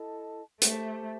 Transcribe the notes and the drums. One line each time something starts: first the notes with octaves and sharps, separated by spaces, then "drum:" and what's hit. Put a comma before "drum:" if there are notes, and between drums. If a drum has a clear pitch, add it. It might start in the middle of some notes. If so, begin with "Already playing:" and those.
Already playing: E4 A4 D#5 A5
A3 G4 C5 E5 A5, drum: hi-hat